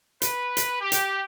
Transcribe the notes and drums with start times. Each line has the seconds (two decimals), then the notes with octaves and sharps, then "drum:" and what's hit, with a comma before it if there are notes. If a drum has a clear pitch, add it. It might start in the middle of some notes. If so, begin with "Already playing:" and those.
0.22 B4, drum: hi-hat
0.57 drum: hi-hat
0.80 G4
0.92 drum: hi-hat